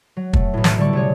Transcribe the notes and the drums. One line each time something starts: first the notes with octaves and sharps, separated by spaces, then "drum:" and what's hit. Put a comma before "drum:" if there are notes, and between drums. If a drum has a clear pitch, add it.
F#3
A3, drum: kick
B1 A2
drum: snare
D3 G3 A4 D5 C#6
C3 G#4 C#5